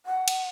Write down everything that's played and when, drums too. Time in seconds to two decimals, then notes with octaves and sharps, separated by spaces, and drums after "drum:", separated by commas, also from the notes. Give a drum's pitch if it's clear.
0.06 F#5
0.28 drum: cymbal